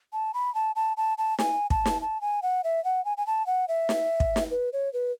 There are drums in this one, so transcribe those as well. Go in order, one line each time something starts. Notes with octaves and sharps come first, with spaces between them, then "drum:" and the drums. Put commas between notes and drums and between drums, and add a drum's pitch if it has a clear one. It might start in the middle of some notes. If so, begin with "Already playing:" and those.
A5
B5
A5
A5
A5
A5
G#5, drum: snare
A5, drum: kick
drum: snare
A5
G#5
F#5
E5
F#5
G#5
G#5
A5
F#5
E5
drum: snare
drum: kick
drum: snare
B4
C#5
B4